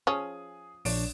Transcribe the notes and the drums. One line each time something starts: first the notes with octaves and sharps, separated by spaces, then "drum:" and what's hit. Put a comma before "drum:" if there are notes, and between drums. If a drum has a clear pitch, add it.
F3 C#4 G#4 D#6
A#1 D4 C#5 D7, drum: open hi-hat